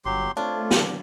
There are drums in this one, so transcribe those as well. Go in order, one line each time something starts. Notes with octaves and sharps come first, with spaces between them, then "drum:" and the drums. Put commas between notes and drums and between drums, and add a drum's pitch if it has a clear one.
G1 F#3 G4 C6
A3 C4 D4 F4 C#5
D3 F#3 B3, drum: snare